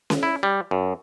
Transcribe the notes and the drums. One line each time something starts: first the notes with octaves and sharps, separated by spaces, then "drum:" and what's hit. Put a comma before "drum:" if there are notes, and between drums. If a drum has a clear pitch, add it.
drum: snare C#4
E4
G3
F#2